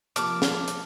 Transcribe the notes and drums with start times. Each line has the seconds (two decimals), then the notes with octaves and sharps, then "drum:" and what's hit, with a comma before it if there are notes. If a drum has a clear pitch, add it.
0.16 C3 F3 A#3 A5 D6 F6, drum: hi-hat
0.42 drum: snare
0.68 drum: hi-hat